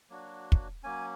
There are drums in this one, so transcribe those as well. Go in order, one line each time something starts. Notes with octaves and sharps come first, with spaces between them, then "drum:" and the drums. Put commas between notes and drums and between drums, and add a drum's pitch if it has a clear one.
F#3 A#3 D4 F#4
drum: kick
F#3 A#3 C#4 G#5